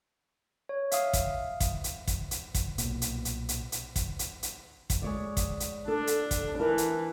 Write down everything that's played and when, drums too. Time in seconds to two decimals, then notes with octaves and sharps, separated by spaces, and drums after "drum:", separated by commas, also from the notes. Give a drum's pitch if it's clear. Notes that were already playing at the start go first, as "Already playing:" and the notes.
0.69 C#5
0.91 E5 F5 D#6, drum: hi-hat
1.13 drum: kick, hi-hat
1.60 drum: kick, hi-hat
1.84 drum: hi-hat
2.07 drum: kick, hi-hat
2.31 drum: hi-hat
2.55 drum: kick, hi-hat
2.78 B1 A#2, drum: hi-hat
3.02 drum: hi-hat
3.25 drum: hi-hat
3.49 drum: hi-hat
3.72 drum: hi-hat
3.96 drum: kick, hi-hat
4.19 drum: hi-hat
4.43 drum: hi-hat
4.90 drum: kick, hi-hat
5.02 G#3 C#5 D5
5.37 drum: kick, hi-hat
5.60 drum: hi-hat
5.88 D4 A4
6.07 drum: hi-hat
6.31 drum: kick, hi-hat
6.59 E3 A#4 A5
6.78 drum: hi-hat